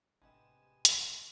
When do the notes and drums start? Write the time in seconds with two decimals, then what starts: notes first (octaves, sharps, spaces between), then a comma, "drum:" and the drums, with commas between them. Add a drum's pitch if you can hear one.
0.22 A1 C3 G#3 B3 D4 G5 G#5 E7
0.85 drum: hi-hat